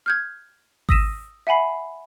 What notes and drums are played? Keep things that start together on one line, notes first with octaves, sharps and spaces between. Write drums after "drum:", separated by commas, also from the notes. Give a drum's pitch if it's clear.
F6 G6 G#6
D#6 E6 A#6 B6 D#7 E7, drum: kick G#1
E5 F#5 G#5 B5 C7